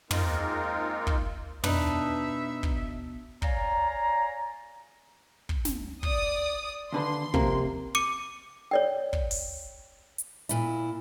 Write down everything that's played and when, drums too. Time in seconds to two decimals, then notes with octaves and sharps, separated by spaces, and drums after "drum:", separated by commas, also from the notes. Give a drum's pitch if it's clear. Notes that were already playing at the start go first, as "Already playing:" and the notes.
0.11 G#3 A#3 C4 D#4 F4 A#4, drum: tom
1.07 drum: kick
1.64 B2 D4 D#4 B4 E5, drum: tom
2.63 drum: kick
3.42 C#5 D5 F5 G#5 A#5, drum: kick
5.49 drum: kick
5.65 drum: snare
6.03 D5 D#6, drum: kick
6.93 D#2 D3 B4 C6
7.34 F2 C3 A#3, drum: kick
7.95 D6 C#7 D#7
8.71 C#5 D5 G5
9.13 drum: kick
9.31 drum: open hi-hat
10.18 drum: hi-hat
10.49 A#2 E4, drum: hi-hat